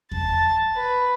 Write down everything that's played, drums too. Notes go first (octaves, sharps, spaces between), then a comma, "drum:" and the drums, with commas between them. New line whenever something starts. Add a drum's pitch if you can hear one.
A5 A6, drum: kick E2
B4